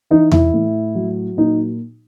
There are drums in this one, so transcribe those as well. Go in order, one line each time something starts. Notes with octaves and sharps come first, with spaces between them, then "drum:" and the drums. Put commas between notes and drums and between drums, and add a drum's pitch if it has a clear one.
E3 D#4
E4, drum: tom E2
A2
F#3
A#2 D#4